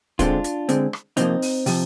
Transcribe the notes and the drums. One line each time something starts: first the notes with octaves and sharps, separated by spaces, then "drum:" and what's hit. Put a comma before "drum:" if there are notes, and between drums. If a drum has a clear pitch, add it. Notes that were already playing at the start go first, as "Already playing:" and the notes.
D3 G#3 C4 D4 F4, drum: kick, hi-hat
drum: hi-hat
D3 G#3 C4, drum: hi-hat
drum: rim click
C3 F3 A#3 C4 D#4, drum: hi-hat
drum: open hi-hat
C3 F3, drum: open hi-hat